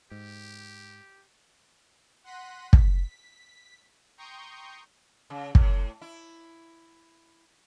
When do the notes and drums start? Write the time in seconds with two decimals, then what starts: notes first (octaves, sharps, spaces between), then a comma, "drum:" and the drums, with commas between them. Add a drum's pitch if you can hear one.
0.11 G#2 G4
2.24 F#5 C6 F#6 A#6 B6 D#7
2.73 B6, drum: kick
4.17 G5 A#5 C6 C#6 D#6 G6
5.30 C#3
5.55 A2, drum: kick
6.01 E4